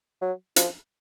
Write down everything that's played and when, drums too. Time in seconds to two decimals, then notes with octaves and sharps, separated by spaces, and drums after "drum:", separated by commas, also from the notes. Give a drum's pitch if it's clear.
0.21 F#3
0.56 F3, drum: hi-hat